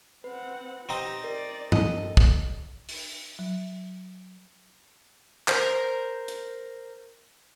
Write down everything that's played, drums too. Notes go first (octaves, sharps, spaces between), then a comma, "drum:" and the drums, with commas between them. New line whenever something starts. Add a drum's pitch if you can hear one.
C4 B4 F#5
C4 D#4 G4 D#6
A#4 D5
A4 D#5, drum: tom G2
drum: kick
drum: open hi-hat
F#3
A#4 C5, drum: clap
drum: hi-hat